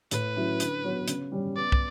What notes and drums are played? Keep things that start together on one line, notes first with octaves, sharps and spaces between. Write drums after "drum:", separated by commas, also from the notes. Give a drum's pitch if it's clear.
A2 B4, drum: hi-hat
F#3 C#4 E4
D3, drum: hi-hat
F#3 B3 F#4 C#5
C#3, drum: hi-hat
G3 C#4
B3 D5
drum: kick